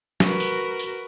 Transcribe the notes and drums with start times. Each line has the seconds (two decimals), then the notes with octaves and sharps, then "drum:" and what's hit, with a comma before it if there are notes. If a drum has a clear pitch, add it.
0.20 F#4 A#4 B4, drum: snare
0.40 drum: tambourine
0.79 drum: tambourine